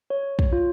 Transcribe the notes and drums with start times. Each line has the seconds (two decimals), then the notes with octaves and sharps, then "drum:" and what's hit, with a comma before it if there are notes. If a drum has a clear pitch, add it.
0.10 C#5
0.39 drum: kick
0.53 F4